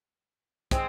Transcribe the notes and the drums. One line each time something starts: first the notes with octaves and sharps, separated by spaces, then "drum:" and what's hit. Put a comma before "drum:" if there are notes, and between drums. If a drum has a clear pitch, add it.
G#3 C4, drum: kick, hi-hat